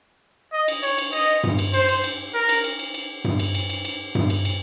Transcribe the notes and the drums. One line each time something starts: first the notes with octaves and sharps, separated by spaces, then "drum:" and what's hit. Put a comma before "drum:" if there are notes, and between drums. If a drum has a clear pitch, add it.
D#5
drum: cymbal
C#5, drum: cymbal
drum: cymbal
D#5, drum: cymbal
drum: tom G2
drum: cymbal
C5, drum: cymbal
drum: cymbal
drum: cymbal
A#4
drum: cymbal
drum: cymbal
drum: cymbal
drum: cymbal
drum: tom G2
drum: cymbal
drum: cymbal
drum: cymbal
drum: cymbal
drum: tom G2
drum: cymbal
drum: cymbal